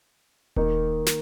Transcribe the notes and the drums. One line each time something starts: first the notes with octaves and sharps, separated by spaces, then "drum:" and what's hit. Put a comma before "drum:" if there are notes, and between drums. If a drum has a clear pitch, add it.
D#3 A#3 D#4 A#4, drum: kick D#1
drum: snare